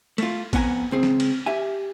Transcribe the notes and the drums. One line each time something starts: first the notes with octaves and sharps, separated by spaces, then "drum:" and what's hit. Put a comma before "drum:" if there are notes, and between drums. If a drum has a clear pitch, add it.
A3 F4, drum: cymbal
F2 B3 F#5 G#5 A#5, drum: kick G#1, cymbal
C#2 C4 G#4
drum: snare
drum: cymbal
G4 E5 G#5